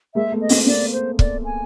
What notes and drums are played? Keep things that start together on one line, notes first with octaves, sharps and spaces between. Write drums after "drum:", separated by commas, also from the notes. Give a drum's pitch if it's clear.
G#3 A#3 E5
A3 B3
D#5
A#3 C4, drum: open hi-hat
A#3 C4 D5
C5
D5, drum: kick
G#5